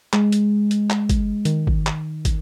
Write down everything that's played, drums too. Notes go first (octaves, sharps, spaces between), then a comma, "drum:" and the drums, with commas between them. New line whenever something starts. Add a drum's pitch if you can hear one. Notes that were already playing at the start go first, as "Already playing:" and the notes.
G#3, drum: clap
drum: hi-hat
drum: hi-hat
drum: clap
drum: kick, hi-hat
D#3, drum: hi-hat
drum: kick
drum: clap
drum: kick, hi-hat